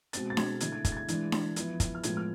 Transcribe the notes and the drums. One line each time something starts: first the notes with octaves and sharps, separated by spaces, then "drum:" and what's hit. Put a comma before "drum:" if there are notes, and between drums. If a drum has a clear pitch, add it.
B2 G#3 C4 A6, drum: hi-hat
A6
G#6, drum: snare D4
D3 A3 E4 G#6, drum: hi-hat
G#6
G#6, drum: kick, hi-hat
A6
G#6
E3 G#3 D4, drum: hi-hat
drum: snare D4
F3 B3 E4, drum: hi-hat
drum: kick, hi-hat
F6
A2 F3 G#3 B3 G#6, drum: hi-hat
F6